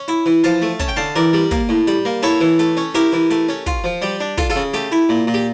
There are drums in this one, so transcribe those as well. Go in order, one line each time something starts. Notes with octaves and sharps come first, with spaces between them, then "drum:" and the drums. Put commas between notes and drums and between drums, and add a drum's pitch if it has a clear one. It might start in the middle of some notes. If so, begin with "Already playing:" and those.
Already playing: C#4
E4, drum: hi-hat
E3
F3 F5 A5, drum: hi-hat
A3
C#4 A5, drum: kick, hi-hat
G5
D3 F5 A5
E3 A#4 D5
G3
A#3, drum: kick, hi-hat
A2
G3, drum: hi-hat
A#3
E4 A4 C#5
E3
A3, drum: hi-hat
C#4
E4 G4 A#4, drum: hi-hat
E3
A3, drum: hi-hat
C#4
F4, drum: kick, hi-hat
F3
G3 G4
D4
F4 A4, drum: kick, hi-hat
F4 A4
C#3
A3 G4, drum: hi-hat
E4
A#2
A#2
G4